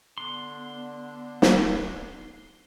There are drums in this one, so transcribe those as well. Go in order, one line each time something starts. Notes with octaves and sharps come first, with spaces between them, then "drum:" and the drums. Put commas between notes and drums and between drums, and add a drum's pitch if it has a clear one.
D3 B3 D4 C6
drum: snare